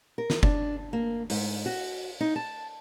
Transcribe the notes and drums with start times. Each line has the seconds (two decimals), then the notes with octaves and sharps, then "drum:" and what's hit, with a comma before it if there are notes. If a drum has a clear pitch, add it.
0.18 A#4
0.30 drum: snare
0.43 D4, drum: kick F#1
0.93 A#3
1.30 G#2, drum: open hi-hat
1.66 F#4
2.20 D#4
2.36 A5